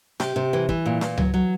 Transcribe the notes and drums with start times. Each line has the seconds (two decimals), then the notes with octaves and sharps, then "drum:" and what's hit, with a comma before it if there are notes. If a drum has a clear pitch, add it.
0.20 C3 G4, drum: snare
0.36 C3
0.53 E3
0.69 E3, drum: kick
0.86 A#2
1.01 A#2, drum: snare
1.18 F#3, drum: tom C#2
1.34 F#3